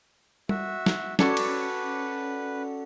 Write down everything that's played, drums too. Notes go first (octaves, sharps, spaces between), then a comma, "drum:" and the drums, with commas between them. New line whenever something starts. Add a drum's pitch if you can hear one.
F#4 E5, drum: tom G3
drum: snare
C#4 F#4 A4 B4 D5, drum: snare
drum: cymbal